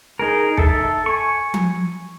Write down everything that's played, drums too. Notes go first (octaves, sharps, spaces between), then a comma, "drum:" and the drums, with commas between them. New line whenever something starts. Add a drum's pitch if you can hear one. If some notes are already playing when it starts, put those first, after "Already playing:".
D#4 G#4 A#4
A4 E5 A5, drum: kick
G#5 C#6
drum: tom F3